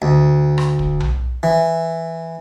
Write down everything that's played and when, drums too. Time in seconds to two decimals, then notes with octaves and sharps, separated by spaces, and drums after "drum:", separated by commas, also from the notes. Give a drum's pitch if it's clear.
0.02 D2
0.58 drum: rim click
0.79 drum: kick
1.00 drum: tom B1
1.43 E3